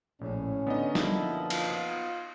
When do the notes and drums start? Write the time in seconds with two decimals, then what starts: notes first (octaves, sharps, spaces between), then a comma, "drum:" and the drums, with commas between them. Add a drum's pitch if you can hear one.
0.22 A#1 A2 C#4
0.67 D3 B3 D#4 D#5
0.95 F#2 A#2 F3 E4, drum: snare
1.50 F4, drum: cymbal